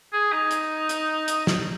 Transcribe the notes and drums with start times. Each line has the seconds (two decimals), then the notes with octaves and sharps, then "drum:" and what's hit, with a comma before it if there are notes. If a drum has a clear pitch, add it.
0.13 G#4
0.32 D#4
0.51 drum: hi-hat
0.89 drum: hi-hat
1.28 drum: hi-hat
1.47 drum: snare